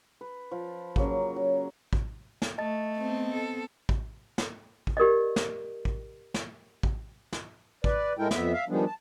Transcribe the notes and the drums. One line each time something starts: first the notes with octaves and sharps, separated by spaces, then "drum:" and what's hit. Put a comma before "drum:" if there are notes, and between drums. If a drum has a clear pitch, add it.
B4
F3
C#3 F#3 A#3, drum: kick
F#3
drum: kick
drum: snare
A3 D#5 A5 A6
B3 C4
A4
drum: kick
drum: snare
drum: kick
G4 A#4 D5 D#5
drum: snare
drum: kick
drum: snare
drum: kick
drum: snare
B4 D5, drum: kick
A2 G#3 E4 A4 A#4 G5
F2 B3 E5, drum: snare
E5 F5
D#3 F3 G3 G#3 B3 D4
A5